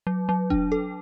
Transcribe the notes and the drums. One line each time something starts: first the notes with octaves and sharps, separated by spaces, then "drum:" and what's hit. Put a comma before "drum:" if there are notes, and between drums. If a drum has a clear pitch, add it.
F#3
F#3
D4, drum: kick E1
A4